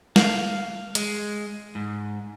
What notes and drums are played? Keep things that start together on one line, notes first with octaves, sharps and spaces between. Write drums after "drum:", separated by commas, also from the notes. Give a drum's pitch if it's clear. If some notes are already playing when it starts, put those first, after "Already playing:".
F5, drum: snare
G#3, drum: hi-hat
G#2